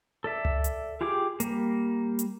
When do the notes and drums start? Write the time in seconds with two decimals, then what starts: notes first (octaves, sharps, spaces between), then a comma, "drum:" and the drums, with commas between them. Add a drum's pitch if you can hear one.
0.24 A4 D5 E5
0.45 drum: tom C#2
0.64 drum: hi-hat
1.01 F4 G4 G#4 G5 D6
1.40 G3 A#3, drum: hi-hat
2.19 drum: hi-hat